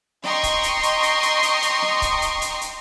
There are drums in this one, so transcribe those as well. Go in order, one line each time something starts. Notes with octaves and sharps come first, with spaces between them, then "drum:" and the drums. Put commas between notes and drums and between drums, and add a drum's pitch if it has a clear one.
D#5 G5 A#5 C6 C#6 C7, drum: snare
drum: kick C#1, hi-hat
drum: hi-hat
drum: hi-hat
drum: hi-hat
drum: hi-hat
drum: hi-hat
drum: hi-hat
drum: snare
drum: kick C#1, hi-hat
drum: hi-hat
drum: hi-hat
drum: hi-hat